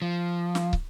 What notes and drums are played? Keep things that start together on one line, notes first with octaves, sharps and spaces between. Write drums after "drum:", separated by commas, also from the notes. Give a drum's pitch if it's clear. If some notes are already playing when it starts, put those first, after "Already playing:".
F3
drum: snare
drum: kick